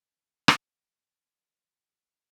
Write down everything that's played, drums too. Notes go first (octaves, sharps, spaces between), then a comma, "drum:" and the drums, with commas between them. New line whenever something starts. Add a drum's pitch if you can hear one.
E3 C#4
drum: rim click